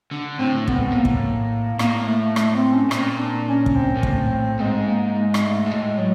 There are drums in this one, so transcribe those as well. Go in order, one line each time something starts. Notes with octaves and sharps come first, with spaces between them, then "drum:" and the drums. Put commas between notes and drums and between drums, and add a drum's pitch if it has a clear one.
D3
A2 C4
A2 B3, drum: kick
G#2
A2 A#3
drum: kick
A2 A#3, drum: rim click
A3
A3, drum: rim click
C4
C#4
A#2 C4, drum: rim click
D4
C#4
drum: kick
C4
A#2
A2, drum: kick
G#2 G#3
A#3
G#3
drum: rim click
A3
G#2
A2 G#3
F#3